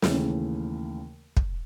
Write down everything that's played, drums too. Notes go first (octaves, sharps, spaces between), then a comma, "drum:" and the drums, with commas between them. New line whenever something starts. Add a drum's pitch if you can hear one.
D#2 C#3 E3 A3 C#4, drum: snare
drum: kick